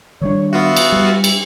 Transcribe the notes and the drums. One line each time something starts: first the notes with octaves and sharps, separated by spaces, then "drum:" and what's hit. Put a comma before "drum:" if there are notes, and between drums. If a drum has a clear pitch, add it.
D#3 G3 D4 C#5
B3 F4 F#4 E5
drum: cymbal
G3
drum: cymbal